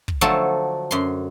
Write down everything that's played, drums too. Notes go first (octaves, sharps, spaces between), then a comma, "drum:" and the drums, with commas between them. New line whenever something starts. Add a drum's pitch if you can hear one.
drum: kick
D3 F3 F#3 A3 A4
F#2 C6